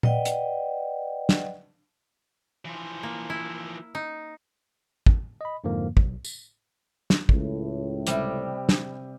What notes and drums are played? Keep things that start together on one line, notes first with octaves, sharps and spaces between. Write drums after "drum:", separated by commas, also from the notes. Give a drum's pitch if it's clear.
B4 D5 D#5 F#5 G5, drum: tom A#2
drum: hi-hat
drum: snare
E3 F3
A#3
E4
D#4
drum: kick
D#5 B5
F2 G#2 D3 F3 A#3
B1, drum: kick
drum: tambourine
drum: snare
C#2 A2, drum: kick
C3 G3, drum: hi-hat
drum: snare